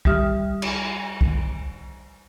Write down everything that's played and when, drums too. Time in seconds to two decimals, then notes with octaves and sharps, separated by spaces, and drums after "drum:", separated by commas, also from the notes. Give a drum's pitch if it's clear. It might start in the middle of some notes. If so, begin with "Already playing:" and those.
0.05 G3 G4 E5 D#6 F6, drum: kick
0.62 drum: cymbal
1.21 drum: kick